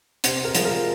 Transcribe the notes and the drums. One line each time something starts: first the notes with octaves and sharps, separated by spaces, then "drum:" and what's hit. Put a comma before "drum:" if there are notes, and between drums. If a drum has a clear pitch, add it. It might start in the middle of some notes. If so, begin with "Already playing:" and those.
C3 C5, drum: hi-hat
A#4
F3 G#3, drum: hi-hat
A#4